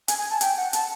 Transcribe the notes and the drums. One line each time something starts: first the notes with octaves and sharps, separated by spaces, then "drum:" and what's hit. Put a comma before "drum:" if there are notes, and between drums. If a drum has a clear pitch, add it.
G#5, drum: hi-hat
G#5
A5
G5, drum: hi-hat
F#5
A5, drum: hi-hat